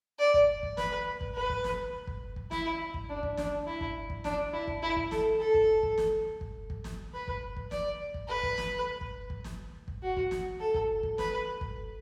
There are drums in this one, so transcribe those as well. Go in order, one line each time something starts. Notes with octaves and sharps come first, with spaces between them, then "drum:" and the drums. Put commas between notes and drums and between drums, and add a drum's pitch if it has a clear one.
D5
drum: kick
drum: kick
B4, drum: snare
drum: kick
B4
drum: kick
drum: snare
drum: kick
drum: kick
E4, drum: snare
drum: kick
D4
drum: kick
D4, drum: snare
E4
drum: kick
drum: kick
D4, drum: snare
E4
drum: kick
E4
drum: kick
A4, drum: snare
A4
drum: kick
drum: kick
drum: snare
drum: kick
drum: kick
drum: snare
B4
drum: kick
drum: kick
D5, drum: snare
drum: kick
B4
drum: kick
drum: snare
drum: kick
drum: kick
drum: snare
drum: kick
F#4
drum: kick
drum: snare
A4
drum: kick
drum: kick
B4, drum: snare
drum: kick